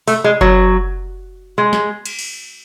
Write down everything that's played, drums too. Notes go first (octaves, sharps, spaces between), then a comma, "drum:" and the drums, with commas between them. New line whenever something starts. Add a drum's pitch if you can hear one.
A3, drum: open hi-hat
G#3
F#3, drum: kick F#1
G#3
drum: snare
drum: cymbal
drum: cymbal